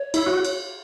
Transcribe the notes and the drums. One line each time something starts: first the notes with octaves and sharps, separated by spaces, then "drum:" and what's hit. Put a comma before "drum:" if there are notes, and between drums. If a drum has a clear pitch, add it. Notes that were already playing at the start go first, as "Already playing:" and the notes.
Already playing: C#5
E4, drum: cymbal
F#4
drum: cymbal